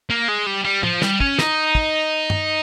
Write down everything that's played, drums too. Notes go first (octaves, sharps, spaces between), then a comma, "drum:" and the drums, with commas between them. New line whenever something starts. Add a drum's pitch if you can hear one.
A#3
G#3
G3
G3
F3, drum: tom A2
G3, drum: snare
C#4, drum: kick
D#4, drum: snare
drum: kick
drum: tom G2